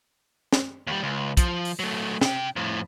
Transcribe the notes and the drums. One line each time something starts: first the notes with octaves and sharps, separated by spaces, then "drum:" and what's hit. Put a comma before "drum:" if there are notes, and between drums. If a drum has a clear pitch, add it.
drum: snare
D#2 G3
C#2
F3, drum: kick, hi-hat
drum: open hi-hat
F#3 A3
C3 G5, drum: snare
F2 A2